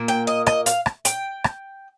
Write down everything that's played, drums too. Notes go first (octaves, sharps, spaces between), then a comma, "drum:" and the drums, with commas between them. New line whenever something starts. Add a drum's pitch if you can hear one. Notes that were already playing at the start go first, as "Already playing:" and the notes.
Already playing: A#2 A#3
G5
D#5
D#5, drum: rim click
F5, drum: hi-hat
drum: rim click
G5, drum: hi-hat
drum: rim click